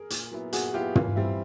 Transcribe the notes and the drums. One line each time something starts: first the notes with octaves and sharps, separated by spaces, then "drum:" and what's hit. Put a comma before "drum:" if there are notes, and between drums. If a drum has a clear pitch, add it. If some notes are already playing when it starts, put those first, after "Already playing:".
Already playing: G#4 A#4
A#2, drum: hi-hat
F#3 B3 E4
A#2 F#4 G#4, drum: hi-hat
F#3 B3 E4 F4 G4
E3 F4, drum: tom
G3 C4 E4